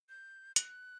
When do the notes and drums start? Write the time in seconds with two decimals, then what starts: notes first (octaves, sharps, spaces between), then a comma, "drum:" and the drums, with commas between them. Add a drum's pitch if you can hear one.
0.09 G6
0.56 F#6, drum: hi-hat